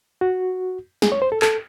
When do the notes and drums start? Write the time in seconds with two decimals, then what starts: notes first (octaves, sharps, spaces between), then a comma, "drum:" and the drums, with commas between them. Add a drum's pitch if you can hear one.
0.21 F#4
1.02 G#4, drum: snare
1.12 C#5
1.22 C5
1.32 A4
1.42 A4, drum: clap